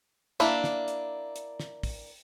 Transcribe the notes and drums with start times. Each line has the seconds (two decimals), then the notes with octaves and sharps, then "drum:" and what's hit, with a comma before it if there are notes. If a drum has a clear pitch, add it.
0.40 A#3 D4 E4, drum: hi-hat
0.64 drum: snare
0.88 drum: hi-hat
1.36 drum: hi-hat
1.60 drum: snare
1.83 drum: kick, open hi-hat